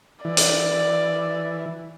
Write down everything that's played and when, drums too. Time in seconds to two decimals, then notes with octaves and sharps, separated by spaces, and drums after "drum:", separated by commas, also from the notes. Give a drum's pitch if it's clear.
0.25 E3 D5
0.37 drum: hi-hat